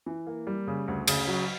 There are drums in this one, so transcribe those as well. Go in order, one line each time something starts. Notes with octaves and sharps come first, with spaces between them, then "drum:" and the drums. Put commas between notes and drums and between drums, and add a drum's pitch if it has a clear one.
E3
A#3
G3
C#3
D2
C#3, drum: cymbal
F#3